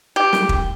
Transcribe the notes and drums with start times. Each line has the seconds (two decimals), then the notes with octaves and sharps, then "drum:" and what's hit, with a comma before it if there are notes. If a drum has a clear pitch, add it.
0.16 G4
0.33 drum: snare
0.49 drum: kick